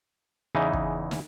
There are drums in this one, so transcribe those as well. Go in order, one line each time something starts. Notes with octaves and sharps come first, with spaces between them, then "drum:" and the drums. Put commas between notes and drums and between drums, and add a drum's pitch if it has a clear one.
E2 C#3 E3 D#4
drum: kick
drum: snare